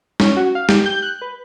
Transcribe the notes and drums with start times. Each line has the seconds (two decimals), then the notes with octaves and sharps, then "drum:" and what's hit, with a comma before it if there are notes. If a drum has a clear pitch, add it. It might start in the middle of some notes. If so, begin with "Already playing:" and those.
0.20 C#4, drum: snare
0.37 F#4
0.55 F5
0.69 G4, drum: snare
0.86 G6
1.02 F#6
1.22 B4